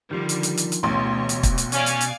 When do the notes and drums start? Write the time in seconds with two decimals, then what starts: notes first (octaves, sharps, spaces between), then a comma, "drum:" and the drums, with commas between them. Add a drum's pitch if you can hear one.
0.11 D3 D#3 F3 G3
0.29 drum: hi-hat
0.43 drum: hi-hat
0.57 drum: hi-hat
0.72 drum: hi-hat
0.83 A1 D2 B2 C#5 C6
1.29 drum: hi-hat
1.43 drum: kick, hi-hat
1.58 drum: hi-hat
1.72 C#4 D5 F5 G#5, drum: hi-hat
1.86 drum: hi-hat
2.01 drum: hi-hat